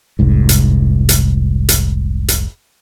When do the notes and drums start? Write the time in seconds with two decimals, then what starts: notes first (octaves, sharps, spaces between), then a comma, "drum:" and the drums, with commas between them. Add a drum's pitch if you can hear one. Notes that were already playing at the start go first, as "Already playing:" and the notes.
0.19 F1 C2 G#2
0.49 drum: hi-hat
1.09 drum: hi-hat
1.69 drum: hi-hat
2.28 drum: hi-hat